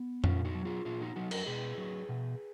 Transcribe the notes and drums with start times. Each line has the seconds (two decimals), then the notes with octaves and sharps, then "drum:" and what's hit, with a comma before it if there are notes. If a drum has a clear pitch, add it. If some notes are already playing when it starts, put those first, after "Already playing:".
Already playing: B3
0.24 A#2 C#4 F4, drum: tom F2
0.45 D#4 F#4
0.55 F#3
0.65 F4 G#4
0.85 A#2 F4 G#4
1.01 D#4 F#4
1.16 F#3 D#4 F#4
1.31 F#4 A#4, drum: cymbal
1.46 B2 G#4 B4
1.78 F#3
2.09 B2